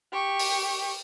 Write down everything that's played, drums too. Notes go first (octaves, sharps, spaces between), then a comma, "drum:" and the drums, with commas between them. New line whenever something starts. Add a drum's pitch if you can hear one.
G4 C#6
drum: open hi-hat